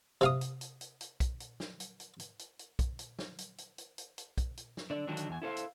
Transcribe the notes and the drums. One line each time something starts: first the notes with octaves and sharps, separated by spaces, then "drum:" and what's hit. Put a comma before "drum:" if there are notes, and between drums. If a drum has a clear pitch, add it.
C3 F5 D#6, drum: hi-hat
drum: hi-hat
drum: hi-hat
drum: hi-hat
drum: hi-hat
drum: kick, hi-hat
drum: hi-hat
drum: snare
drum: hi-hat
drum: hi-hat
drum: hi-hat
drum: hi-hat
drum: hi-hat
drum: kick, hi-hat
drum: hi-hat
drum: snare
drum: hi-hat
drum: hi-hat
drum: hi-hat
drum: hi-hat
drum: hi-hat
drum: kick, hi-hat
drum: hi-hat
drum: snare
D3 D5
D3 D#3 F#3 D4 D#4 F#4
drum: hi-hat
E2 G#5
E4 A4 C5 F5
drum: hi-hat